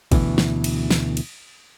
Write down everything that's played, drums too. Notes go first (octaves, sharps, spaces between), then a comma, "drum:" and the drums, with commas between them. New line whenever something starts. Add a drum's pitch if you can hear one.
D2 B2 E3, drum: kick, cymbal
drum: snare
drum: cymbal
drum: snare
drum: cymbal